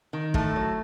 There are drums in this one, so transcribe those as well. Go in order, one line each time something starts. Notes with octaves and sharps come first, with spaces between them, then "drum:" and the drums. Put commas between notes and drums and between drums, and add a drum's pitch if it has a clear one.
D#3
A2 A3, drum: kick
F#3